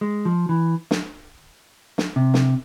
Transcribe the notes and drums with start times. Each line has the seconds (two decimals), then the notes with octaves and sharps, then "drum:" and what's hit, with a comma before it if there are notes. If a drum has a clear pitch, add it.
0.01 G#3
0.25 F3
0.49 E3
0.91 drum: snare
1.98 drum: snare
2.16 C3
2.34 drum: snare